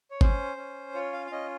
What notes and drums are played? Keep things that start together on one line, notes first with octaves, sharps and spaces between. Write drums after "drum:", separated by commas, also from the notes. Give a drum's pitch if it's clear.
C#5
C#4 C5, drum: kick G1
C#4
F4 C#5
F5
F5
C#4 D#5